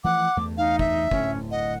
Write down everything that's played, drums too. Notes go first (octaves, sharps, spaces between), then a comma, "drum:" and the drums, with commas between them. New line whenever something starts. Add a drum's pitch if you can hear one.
E3 F3 A3 F#5 D6
E2 G2 A3
D#4 F5
E5, drum: kick
D1 A2 D3 C#4, drum: kick
D#5 F#5